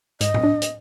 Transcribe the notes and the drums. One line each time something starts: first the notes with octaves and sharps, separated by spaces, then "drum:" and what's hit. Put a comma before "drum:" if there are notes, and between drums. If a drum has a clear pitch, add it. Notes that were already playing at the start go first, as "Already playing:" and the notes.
G#2 D#5, drum: hi-hat
drum: tom A2
D4
drum: hi-hat